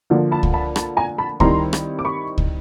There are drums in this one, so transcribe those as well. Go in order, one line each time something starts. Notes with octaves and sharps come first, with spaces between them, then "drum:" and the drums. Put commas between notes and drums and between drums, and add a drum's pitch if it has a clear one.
D3 F3 A#3
A5 B5
drum: kick C#2
A5 B5
A5 B5, drum: rim click
G#5 A#5
A5 B5
D#3 G3 C4 E4 A#5 C6, drum: kick C#2
drum: rim click
D6
B5 C#6
drum: kick C#2